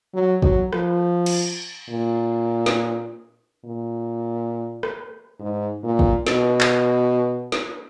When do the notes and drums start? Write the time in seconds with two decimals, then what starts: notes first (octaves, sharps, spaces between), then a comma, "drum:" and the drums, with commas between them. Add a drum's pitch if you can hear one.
0.14 F#3
0.42 F#3, drum: kick
0.73 F3, drum: rim click
1.26 drum: cymbal
1.89 A#2
2.66 drum: snare
3.65 A#2
4.83 drum: rim click
5.39 G#2
5.84 A#2
5.99 drum: kick
6.27 B2, drum: snare
6.61 drum: clap
7.52 drum: snare